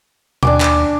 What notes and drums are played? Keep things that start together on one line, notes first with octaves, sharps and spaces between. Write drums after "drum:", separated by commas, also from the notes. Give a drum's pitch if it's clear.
D#2 D4 G#5 D6, drum: tom B2
drum: clap